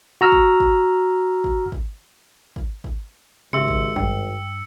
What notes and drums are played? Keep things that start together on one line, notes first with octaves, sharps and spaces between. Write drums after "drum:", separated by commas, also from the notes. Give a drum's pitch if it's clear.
F#4 A#5 E6 F6
drum: kick G#1
drum: kick G#1
drum: kick G#1
drum: kick G#1
drum: kick G#1
drum: kick G#1
G#1 C#3 G4 E5 C6 E6 C#7
drum: kick G#1
G2 G5, drum: kick G#1